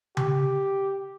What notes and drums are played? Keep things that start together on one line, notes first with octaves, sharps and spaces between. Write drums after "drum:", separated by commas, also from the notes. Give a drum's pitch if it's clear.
G4, drum: tom C#3